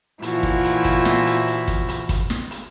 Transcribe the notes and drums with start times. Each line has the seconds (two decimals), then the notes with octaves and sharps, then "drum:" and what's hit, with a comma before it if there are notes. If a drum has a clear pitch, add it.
0.22 A#2 E3 F3 E4 F#4, drum: hi-hat
0.43 drum: kick
0.64 drum: hi-hat
0.85 drum: kick, hi-hat
1.05 drum: snare
1.26 drum: hi-hat
1.47 drum: hi-hat
1.68 drum: kick, hi-hat
1.88 drum: hi-hat
2.09 drum: kick, hi-hat
2.30 drum: snare
2.51 drum: hi-hat